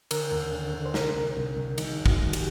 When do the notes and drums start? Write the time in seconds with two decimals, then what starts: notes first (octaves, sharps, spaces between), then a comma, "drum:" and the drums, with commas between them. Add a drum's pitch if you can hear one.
0.11 D3 A#4, drum: cymbal
0.32 D#2
0.53 D3
0.74 D3
0.85 C5
0.94 C2 A#4, drum: snare
1.15 C2
1.36 C2
1.56 C2
1.78 D#3 D#4, drum: cymbal
1.99 F#2
2.06 F#4, drum: kick
2.19 D#3
2.33 G4, drum: cymbal